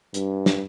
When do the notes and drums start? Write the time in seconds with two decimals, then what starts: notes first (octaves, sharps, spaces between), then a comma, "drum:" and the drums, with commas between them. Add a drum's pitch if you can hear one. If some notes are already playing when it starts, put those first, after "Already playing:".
0.14 G2, drum: hi-hat
0.46 drum: snare